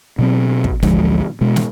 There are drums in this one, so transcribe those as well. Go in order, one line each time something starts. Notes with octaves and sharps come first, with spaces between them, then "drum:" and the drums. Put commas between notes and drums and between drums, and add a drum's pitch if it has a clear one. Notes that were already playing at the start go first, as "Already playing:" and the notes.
B2 F#3 C4
drum: kick
A1 D2 F3 G#3, drum: snare
B2 G#3
drum: snare